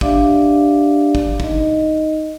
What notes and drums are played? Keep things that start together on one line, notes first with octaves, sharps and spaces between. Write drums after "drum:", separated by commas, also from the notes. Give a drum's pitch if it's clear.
D4 G4 D5 E5 F5 D6, drum: kick
drum: kick
D#4 D#5, drum: kick